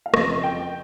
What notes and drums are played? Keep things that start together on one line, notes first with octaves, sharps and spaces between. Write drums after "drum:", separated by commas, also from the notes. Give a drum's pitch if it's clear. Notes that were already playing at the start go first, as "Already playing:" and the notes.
F5
F2 C#3 F3 D#5, drum: rim click
G5